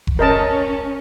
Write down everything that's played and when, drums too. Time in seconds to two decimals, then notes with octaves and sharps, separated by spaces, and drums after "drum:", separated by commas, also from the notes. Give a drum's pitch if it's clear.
0.07 drum: kick F1
0.19 C#4 A#4 D#5 A5